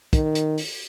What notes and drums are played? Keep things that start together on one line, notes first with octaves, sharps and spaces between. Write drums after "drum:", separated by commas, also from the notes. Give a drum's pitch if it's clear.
D#3, drum: kick, hi-hat
drum: hi-hat
drum: open hi-hat